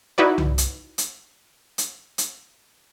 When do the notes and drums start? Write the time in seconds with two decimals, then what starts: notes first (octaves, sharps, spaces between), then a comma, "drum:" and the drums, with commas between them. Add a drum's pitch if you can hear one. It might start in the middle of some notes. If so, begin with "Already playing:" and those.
0.18 D#4 E4 F#4 B4 D5
0.38 drum: tom C2
0.58 drum: hi-hat
0.98 drum: hi-hat
1.78 drum: hi-hat
2.18 drum: hi-hat